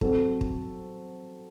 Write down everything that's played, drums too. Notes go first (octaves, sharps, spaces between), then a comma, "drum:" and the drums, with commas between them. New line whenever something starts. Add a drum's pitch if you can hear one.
F#3 C4 F#4 A4, drum: kick
drum: kick